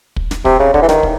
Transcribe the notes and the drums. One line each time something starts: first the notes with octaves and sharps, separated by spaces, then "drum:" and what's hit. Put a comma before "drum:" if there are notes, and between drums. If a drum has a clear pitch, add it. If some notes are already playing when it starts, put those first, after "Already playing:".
drum: kick
drum: snare
C3, drum: kick
C#3
D3, drum: kick
E3
D#3, drum: snare
drum: kick